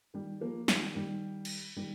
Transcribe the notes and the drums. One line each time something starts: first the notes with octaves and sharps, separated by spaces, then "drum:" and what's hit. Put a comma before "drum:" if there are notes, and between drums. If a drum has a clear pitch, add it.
D#3 G3
F3 A#3
D#3 G3, drum: snare
D#3 G3
drum: cymbal
D#3 G3